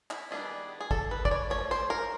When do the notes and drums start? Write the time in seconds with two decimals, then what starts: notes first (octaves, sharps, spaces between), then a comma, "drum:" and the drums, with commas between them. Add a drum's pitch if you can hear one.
0.11 E4, drum: clap
0.31 D#3 G3 B3 D4 G#4
0.81 G#4
0.91 A4, drum: kick
1.11 B4
1.25 D5, drum: kick
1.31 C#5
1.50 F3 A3 C#5
1.71 C5
1.90 A#4